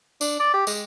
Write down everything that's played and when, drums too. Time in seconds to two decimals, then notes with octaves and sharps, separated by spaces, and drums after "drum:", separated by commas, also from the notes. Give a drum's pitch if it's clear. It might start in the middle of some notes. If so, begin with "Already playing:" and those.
0.21 D4, drum: tambourine
0.40 D5
0.53 G4
0.67 G#3, drum: tambourine